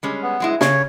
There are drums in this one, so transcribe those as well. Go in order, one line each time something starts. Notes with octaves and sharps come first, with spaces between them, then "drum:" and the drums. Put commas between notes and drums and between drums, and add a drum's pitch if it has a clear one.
G3 G#3 C#4
B3
F#3 G#3 E4
C#3 C#5, drum: snare